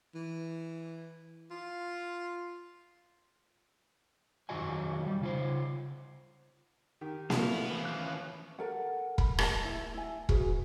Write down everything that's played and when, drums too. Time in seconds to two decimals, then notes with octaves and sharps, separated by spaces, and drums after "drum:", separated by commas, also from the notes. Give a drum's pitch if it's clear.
0.15 E3
1.51 F4
4.49 F2 D#3 F#3 F#4 D#5 G#5
5.06 G3
5.21 C#3 F4 C5
7.01 D#3 G4
7.30 C2 A2 D3 F3 E4 F#4 F5, drum: snare A#3
7.50 B3
7.69 E3 F3
7.85 C#4 F#6
8.59 A4 A#4 F#5
9.18 B5, drum: kick E1
9.39 A#4 D#5 A5, drum: rim click
9.65 E4 A5
9.94 E4 G#5
10.29 F#4 G#4 B4, drum: kick E1